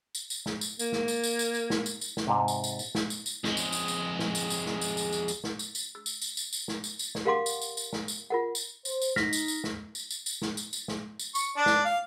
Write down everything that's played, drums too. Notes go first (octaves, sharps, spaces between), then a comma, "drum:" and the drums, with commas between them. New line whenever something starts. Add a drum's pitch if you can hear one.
drum: tambourine
drum: tambourine
drum: snare
drum: tambourine
A#3, drum: tambourine
drum: snare
drum: tambourine
drum: tambourine
drum: tambourine
drum: tambourine
drum: snare
drum: tambourine
drum: tambourine
drum: snare
G#2 C3
drum: tambourine
drum: tambourine
drum: tambourine
drum: snare
drum: tambourine
drum: tambourine
F2 G#3, drum: snare
drum: tambourine
drum: tambourine
drum: tambourine
drum: snare
drum: tambourine
drum: tambourine
drum: snare
drum: tambourine
drum: tambourine
drum: tambourine
drum: tambourine
drum: snare
drum: tambourine
drum: tambourine
E6
drum: tambourine
drum: tambourine
drum: tambourine
drum: tambourine
drum: snare
drum: tambourine
drum: tambourine
drum: snare
G4 A#4 F5 F#5 C6 D6
drum: tambourine
drum: tambourine
drum: tambourine
drum: snare
drum: tambourine
F4 A#4 F#5
drum: tambourine
C5, drum: tambourine
drum: tambourine
D#4 F6 A#6 B6, drum: snare
drum: tambourine
drum: tambourine
drum: snare
drum: tambourine
drum: tambourine
drum: tambourine
drum: snare
drum: tambourine
drum: tambourine
drum: snare
drum: tambourine
C#6, drum: tambourine
D4 D5
drum: snare
F5